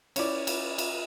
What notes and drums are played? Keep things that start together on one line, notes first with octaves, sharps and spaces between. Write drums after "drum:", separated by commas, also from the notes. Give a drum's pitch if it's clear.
C#4 E4 D5, drum: cymbal
drum: cymbal
drum: cymbal